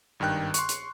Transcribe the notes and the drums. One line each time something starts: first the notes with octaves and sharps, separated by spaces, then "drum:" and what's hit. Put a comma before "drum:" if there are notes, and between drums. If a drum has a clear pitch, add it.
G#1 G2 D#3 G5 F#6
C6 C#6, drum: hi-hat
drum: hi-hat